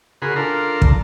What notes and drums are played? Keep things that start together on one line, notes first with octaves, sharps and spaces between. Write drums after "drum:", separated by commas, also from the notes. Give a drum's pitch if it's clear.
C#3 F#4 G#4 A#4 B5 C6
D4 F4 A4 A#4 A#5 C6
drum: kick